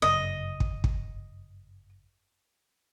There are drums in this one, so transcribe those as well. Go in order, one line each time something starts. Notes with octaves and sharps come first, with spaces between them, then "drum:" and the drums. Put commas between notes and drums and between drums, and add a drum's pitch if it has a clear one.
G1 F#2 C#3 D#5
drum: kick
drum: kick